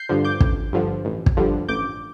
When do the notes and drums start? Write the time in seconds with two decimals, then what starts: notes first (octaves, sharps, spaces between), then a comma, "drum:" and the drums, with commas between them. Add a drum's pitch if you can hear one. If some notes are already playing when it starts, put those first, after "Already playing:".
Already playing: G6 C7
0.09 G2 D3 F3
0.24 D6 G6
0.40 A1, drum: kick
0.73 G2 D3 F3
1.05 A1
1.26 drum: kick
1.37 G2 D3 F3
1.68 A1 D6 G6